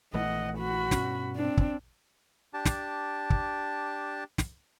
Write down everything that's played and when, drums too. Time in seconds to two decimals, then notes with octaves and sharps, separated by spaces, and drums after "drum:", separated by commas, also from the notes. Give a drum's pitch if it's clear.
0.14 A#1 E3 A3 D#5 F#5
0.58 F#4 B5
0.91 G2 B2 C#4, drum: snare
1.36 C4 D4
1.57 drum: kick
2.54 D4 G4 A5
2.65 drum: snare
3.30 drum: kick
4.38 drum: snare